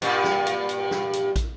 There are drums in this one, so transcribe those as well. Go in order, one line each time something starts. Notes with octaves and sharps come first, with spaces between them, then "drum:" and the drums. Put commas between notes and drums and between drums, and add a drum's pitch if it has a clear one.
G2 A#2, drum: hi-hat
drum: snare
drum: hi-hat
drum: hi-hat
drum: snare
drum: hi-hat
drum: kick, hi-hat